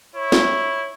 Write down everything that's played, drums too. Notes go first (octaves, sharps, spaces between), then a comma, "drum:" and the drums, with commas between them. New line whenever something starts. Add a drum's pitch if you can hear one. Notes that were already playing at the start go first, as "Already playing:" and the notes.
E4 C#5
drum: snare